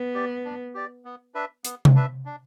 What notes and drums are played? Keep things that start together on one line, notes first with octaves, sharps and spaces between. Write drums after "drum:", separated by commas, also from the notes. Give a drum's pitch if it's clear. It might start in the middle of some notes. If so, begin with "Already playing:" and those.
Already playing: B3
G4 D5
D4
G4 D5
B3
D4 B4 E5
B3, drum: hi-hat
drum: tom C3
D4 B4 E5
D4